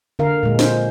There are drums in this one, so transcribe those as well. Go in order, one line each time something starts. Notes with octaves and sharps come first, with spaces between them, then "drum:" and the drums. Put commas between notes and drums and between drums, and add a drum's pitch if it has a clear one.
D3 A#4 F5
A#2 G#3
C5, drum: snare